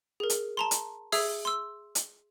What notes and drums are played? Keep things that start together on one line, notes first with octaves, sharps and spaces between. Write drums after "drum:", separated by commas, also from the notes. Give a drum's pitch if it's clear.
G#4 A#4
drum: hi-hat
A5 A#5 C6
drum: hi-hat
G#4 E5 D#6 E6 G#6 C7, drum: open hi-hat
C6 E6
drum: hi-hat